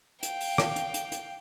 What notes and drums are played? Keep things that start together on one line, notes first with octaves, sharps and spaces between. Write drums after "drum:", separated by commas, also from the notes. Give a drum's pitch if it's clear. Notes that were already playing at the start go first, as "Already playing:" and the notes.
F5 G5, drum: hi-hat
drum: open hi-hat
drum: rim click
drum: hi-hat
drum: hi-hat
drum: hi-hat